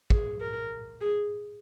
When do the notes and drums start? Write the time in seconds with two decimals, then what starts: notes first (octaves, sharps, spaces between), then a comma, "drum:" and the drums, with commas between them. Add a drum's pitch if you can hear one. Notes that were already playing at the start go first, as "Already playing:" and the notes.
0.10 G#4, drum: kick
0.41 A#4
1.01 G#4